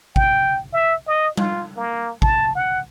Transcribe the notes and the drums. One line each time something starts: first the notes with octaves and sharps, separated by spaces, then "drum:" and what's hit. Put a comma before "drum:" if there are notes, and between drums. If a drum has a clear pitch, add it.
G5, drum: kick A1
E5
D#5
F4, drum: tom G3
A#3
A5, drum: kick A1
F#5